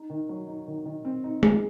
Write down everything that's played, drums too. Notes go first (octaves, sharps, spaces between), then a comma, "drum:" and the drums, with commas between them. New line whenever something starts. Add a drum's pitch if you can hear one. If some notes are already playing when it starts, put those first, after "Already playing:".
Already playing: D#4
D#3
F#3
D#4
D#3
D#3
C4
D#4
G#4, drum: tom